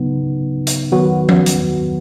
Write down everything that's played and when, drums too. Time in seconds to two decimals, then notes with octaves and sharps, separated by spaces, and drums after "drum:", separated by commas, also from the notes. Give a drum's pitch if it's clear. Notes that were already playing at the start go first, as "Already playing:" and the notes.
Already playing: C#3 F#3 B3 D#4
0.67 drum: hi-hat
0.92 D#3 F#3 B3 F#4
1.29 drum: tom F3
1.46 drum: hi-hat